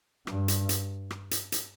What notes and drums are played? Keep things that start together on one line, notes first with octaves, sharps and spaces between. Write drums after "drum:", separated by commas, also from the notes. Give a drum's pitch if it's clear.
G2, drum: rim click
drum: hi-hat
drum: hi-hat
drum: rim click
drum: hi-hat
drum: hi-hat